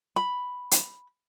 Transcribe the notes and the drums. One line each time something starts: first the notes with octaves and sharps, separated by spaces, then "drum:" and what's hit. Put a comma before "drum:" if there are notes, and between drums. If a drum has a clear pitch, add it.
B5
drum: hi-hat